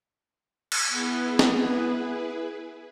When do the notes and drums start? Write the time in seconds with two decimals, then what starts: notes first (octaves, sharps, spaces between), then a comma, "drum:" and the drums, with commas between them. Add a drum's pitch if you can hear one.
0.72 drum: cymbal
0.91 B3 E4 G#4 B4
1.39 drum: snare